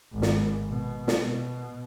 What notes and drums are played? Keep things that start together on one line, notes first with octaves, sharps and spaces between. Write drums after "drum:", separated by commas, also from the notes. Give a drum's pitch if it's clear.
G#1
drum: snare
B2
drum: snare
B2